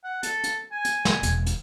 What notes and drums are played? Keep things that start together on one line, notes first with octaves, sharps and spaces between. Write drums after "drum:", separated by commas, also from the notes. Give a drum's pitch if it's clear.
F#5
A4, drum: hi-hat
drum: hi-hat
G#5
drum: hi-hat
drum: snare
E1, drum: hi-hat
drum: hi-hat